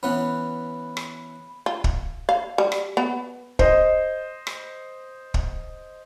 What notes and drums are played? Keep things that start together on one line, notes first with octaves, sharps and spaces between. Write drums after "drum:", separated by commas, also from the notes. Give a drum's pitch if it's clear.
E3 B3 C#4 B5
drum: rim click
F4
drum: kick
F5
G3
drum: rim click
B3
C5 D#5, drum: kick
drum: rim click
drum: kick